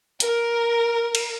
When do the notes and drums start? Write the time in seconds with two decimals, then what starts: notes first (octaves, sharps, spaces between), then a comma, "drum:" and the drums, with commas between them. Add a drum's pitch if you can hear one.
0.20 A#4, drum: hi-hat
1.15 drum: cymbal